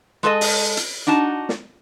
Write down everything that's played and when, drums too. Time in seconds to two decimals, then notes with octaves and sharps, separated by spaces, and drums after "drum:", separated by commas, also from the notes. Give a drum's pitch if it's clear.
0.23 G#3 G#4 A4 C5 D#5
0.41 drum: open hi-hat
0.77 drum: hi-hat
1.07 D4 D#4 F#4 A5
1.49 drum: snare